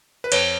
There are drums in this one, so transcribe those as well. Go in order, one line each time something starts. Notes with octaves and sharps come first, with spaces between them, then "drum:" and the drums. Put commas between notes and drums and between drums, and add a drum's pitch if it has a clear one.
B4
F2 C#5, drum: cymbal